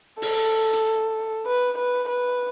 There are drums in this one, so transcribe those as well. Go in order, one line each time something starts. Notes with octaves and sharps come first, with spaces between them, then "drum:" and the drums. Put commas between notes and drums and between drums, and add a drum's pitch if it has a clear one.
A4, drum: open hi-hat
drum: hi-hat
B4
B4
B4